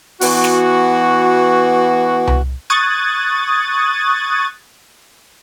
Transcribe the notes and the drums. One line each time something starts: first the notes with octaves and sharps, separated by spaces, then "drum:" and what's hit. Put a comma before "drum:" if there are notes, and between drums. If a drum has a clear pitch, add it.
E3 B3 F#4, drum: open hi-hat
drum: snare
drum: tom C2
C#6 D#6 F#6 G#6 A6 D#7